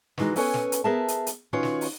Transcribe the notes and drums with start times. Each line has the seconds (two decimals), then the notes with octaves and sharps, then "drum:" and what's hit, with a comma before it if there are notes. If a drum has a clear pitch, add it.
0.18 D#3 E3 G#3 D#4 F#4, drum: snare
0.36 B3 C#4 A4 B4 C#5 G#5, drum: open hi-hat
0.54 drum: snare
0.72 drum: hi-hat
0.84 B3 G#4 A#4 E5 A5
1.08 drum: hi-hat
1.27 drum: hi-hat
1.53 D#3 C#4 F4 F#4 B4 C#5
1.63 drum: snare
1.81 drum: open hi-hat